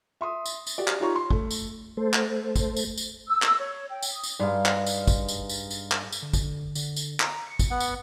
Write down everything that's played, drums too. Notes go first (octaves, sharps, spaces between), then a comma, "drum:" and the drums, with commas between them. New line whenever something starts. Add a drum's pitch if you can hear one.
E5 C6 D#6
drum: tambourine
drum: tambourine
F#4 G4 D5
drum: clap
D#4 F4 G4 C#5 A#5 C#6
C6
A3, drum: kick
drum: tambourine
A3 A4 C5
drum: clap
drum: kick, tambourine
drum: tambourine
drum: tambourine
E6
E6, drum: clap
C#5
G5
drum: tambourine
D#6
drum: tambourine
G2 G#3 D#4 F5
drum: clap
drum: tambourine
drum: kick, tambourine
drum: tambourine
drum: tambourine
drum: tambourine
drum: clap
drum: tambourine
D3
drum: kick, tambourine
D3, drum: tambourine
drum: tambourine
A#5, drum: clap
C#7
drum: kick, tambourine
B3 F#5
drum: tambourine